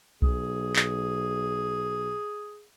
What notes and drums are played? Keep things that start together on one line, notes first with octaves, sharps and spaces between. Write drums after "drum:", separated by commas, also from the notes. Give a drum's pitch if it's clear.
B1 G#4, drum: kick B1
drum: clap